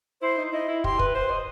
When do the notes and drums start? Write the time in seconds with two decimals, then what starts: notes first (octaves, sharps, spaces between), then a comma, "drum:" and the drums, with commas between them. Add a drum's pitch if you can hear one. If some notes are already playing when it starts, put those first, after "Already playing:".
0.21 E4 C5
0.38 D#4
0.52 E4 D#5
0.68 E4
0.84 G4 C6, drum: kick
0.99 B4, drum: kick
1.15 C5 C6
1.30 D#5